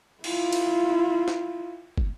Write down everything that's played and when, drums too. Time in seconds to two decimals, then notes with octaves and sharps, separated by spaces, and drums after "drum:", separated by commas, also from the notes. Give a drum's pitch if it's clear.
0.24 E4 F4, drum: cymbal
0.53 drum: cymbal
1.28 drum: snare
1.98 drum: kick